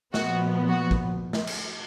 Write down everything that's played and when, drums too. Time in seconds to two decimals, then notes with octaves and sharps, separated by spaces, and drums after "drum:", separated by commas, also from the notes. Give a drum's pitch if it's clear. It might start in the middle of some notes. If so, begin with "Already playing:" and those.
0.14 A#2 F3 B3 F#4, drum: snare
0.69 F#4
0.91 drum: kick
1.33 drum: snare
1.47 drum: cymbal